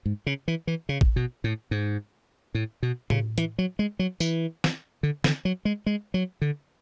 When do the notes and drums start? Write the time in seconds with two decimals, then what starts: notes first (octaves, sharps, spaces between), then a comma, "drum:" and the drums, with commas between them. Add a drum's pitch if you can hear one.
0.06 G#2
0.26 C#3
0.48 E3
0.67 E3
0.89 C#3
1.01 drum: kick
1.16 B2
1.44 A2
1.71 G#2
2.55 A2
2.83 B2
3.10 C#3, drum: tom A2
3.38 E3, drum: hi-hat
3.59 F#3
3.79 G#3
3.99 F#3
4.20 E3, drum: tambourine
4.64 drum: snare
5.03 D3
5.24 D3, drum: snare
5.45 F#3
5.65 G#3
5.86 G#3
6.14 F#3
6.42 D3